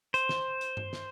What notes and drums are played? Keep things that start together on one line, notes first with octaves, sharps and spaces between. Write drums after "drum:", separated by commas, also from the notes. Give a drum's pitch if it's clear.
C5, drum: hi-hat
drum: snare
drum: hi-hat
drum: tom G2
drum: snare